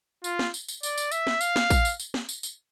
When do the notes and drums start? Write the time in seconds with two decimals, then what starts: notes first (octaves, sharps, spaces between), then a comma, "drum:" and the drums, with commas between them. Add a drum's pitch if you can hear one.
0.24 F4, drum: tambourine
0.39 drum: snare
0.54 drum: tambourine
0.68 drum: tambourine
0.83 D5, drum: tambourine
0.98 drum: tambourine
1.12 E5, drum: tambourine
1.27 drum: snare
1.41 F5, drum: tambourine
1.56 drum: snare
1.70 drum: kick, tambourine
1.85 drum: tambourine
2.00 drum: tambourine
2.14 drum: snare
2.29 drum: tambourine
2.43 drum: tambourine